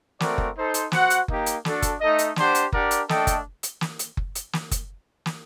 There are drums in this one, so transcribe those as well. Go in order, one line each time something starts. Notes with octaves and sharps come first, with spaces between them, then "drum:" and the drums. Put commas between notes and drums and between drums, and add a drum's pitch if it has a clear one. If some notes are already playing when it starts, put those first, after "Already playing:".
A3 C4 F#4 A#4 D5, drum: snare
drum: kick F#1
D#4 A4 C5
drum: hi-hat
F#4 C5 F#5, drum: snare
drum: hi-hat
A#3 D#4 G4, drum: kick F#1
drum: hi-hat
D4 F#4 A4, drum: snare
drum: kick F#1, hi-hat
A3 D#4 A4 D#5
drum: hi-hat
D4 G4 C5 F#5, drum: snare
drum: hi-hat
D4 G4 A#4 D5 F#5, drum: kick F#1
drum: hi-hat
A3 D4 A4 D#5 G5, drum: snare
drum: kick F#1, hi-hat
drum: hi-hat
drum: snare
drum: hi-hat
drum: kick F#1
drum: hi-hat
drum: snare
drum: kick F#1, hi-hat
drum: snare